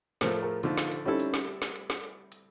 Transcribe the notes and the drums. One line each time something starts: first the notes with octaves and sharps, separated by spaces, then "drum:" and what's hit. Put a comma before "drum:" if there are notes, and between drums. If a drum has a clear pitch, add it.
A2 F3 A3 A#4 C5, drum: snare
G#4 A#4
D3 F3 A3 D#4 F4, drum: hi-hat
drum: snare
drum: hi-hat
G3 C4 C#4 D#4 E4 A4
drum: hi-hat
drum: snare
drum: hi-hat
drum: snare
drum: hi-hat
drum: snare
drum: hi-hat
drum: hi-hat